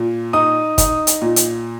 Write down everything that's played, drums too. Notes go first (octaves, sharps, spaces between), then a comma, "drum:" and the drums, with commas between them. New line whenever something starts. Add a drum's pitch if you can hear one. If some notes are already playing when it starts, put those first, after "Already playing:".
Already playing: A#2
D#4 D#6
D#4, drum: kick, hi-hat
drum: hi-hat
A#2
drum: hi-hat